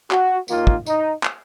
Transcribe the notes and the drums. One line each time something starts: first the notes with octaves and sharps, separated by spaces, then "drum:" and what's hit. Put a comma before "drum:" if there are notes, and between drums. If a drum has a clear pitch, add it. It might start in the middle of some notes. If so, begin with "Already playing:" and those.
F#4, drum: clap
D#2 D#3 A#3 F4, drum: tambourine
drum: kick
D#4, drum: tambourine
drum: clap